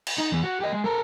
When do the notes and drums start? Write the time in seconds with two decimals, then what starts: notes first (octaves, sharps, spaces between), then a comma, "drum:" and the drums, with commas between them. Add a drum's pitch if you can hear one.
0.07 drum: cymbal
0.18 D#4
0.32 E2
0.44 F#4
0.60 G4 D#5
0.73 G#3
0.84 A4 A#4